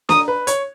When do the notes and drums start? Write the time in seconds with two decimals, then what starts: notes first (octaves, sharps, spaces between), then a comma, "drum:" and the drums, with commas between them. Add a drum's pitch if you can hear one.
0.09 A#5 D#6, drum: snare
0.28 B4
0.47 C#5, drum: hi-hat